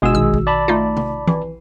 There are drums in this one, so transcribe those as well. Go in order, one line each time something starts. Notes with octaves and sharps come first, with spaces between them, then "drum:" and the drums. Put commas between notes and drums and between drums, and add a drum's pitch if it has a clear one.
G1 B2 G#3 F#4 G#4 E6
A#1 D#3 E6
drum: kick
D5 A5 B5
A3 D#4 F4
drum: tom C3
E3, drum: tom E3